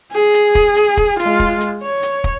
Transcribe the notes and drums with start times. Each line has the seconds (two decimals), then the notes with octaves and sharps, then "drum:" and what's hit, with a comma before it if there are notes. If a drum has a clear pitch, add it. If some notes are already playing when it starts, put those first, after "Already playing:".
0.13 G#4
0.34 drum: hi-hat
0.55 drum: kick
0.76 drum: hi-hat
0.97 drum: kick
1.20 G#3 F4, drum: hi-hat
1.40 drum: kick
1.61 drum: hi-hat
1.84 C#5
2.03 drum: hi-hat
2.24 drum: kick